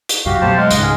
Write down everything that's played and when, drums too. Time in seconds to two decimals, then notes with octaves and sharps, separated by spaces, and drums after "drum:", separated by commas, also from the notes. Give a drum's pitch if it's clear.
0.09 drum: hi-hat
0.26 C2 F#2 F#4 G4 F5
0.41 B2 F#3 A3 G4 C5 A5
0.57 G#3 F5 F#5
0.71 C#2 G#2 D#5 F#5, drum: hi-hat
0.83 G#4 A#4